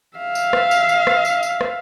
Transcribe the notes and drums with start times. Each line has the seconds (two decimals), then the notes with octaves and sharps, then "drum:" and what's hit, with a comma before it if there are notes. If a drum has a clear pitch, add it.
0.17 E5 F5
0.35 drum: tambourine
0.53 drum: rim click
0.71 drum: tambourine
0.89 drum: tambourine
1.07 drum: rim click
1.25 drum: tambourine
1.43 drum: tambourine
1.61 drum: rim click